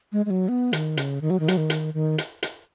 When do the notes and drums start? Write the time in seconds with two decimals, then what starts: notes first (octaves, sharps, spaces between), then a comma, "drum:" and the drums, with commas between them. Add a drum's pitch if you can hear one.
0.12 G#3
0.26 G#3
0.30 F#3
0.49 B3
0.73 D#3, drum: hi-hat
0.97 C#3, drum: hi-hat
1.21 D#3
1.30 F#3
1.40 D#3
1.48 F#3, drum: hi-hat
1.57 D#3
1.70 drum: hi-hat
1.94 D#3
2.18 drum: hi-hat
2.43 drum: hi-hat